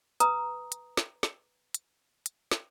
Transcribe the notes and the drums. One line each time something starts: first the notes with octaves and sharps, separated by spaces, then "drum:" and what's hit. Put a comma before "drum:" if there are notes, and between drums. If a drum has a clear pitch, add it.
B4 A#5 D#6, drum: hi-hat
drum: hi-hat
drum: snare
drum: snare
drum: hi-hat
drum: hi-hat
drum: snare